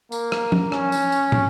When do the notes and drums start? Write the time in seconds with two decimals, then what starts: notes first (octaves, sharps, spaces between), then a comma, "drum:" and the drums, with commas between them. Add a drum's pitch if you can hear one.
0.12 A#3, drum: tambourine
0.32 drum: rim click
0.52 drum: tom
0.72 C#4, drum: rim click
0.92 drum: tambourine
1.12 drum: tambourine
1.32 drum: tom